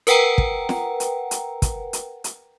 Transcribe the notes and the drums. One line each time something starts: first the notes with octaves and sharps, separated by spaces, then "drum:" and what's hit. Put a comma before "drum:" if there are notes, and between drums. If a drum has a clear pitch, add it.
A#4 B4 F#5 G5 A#5, drum: hi-hat
drum: kick
drum: snare
drum: hi-hat
drum: hi-hat
drum: kick, hi-hat
drum: hi-hat
drum: hi-hat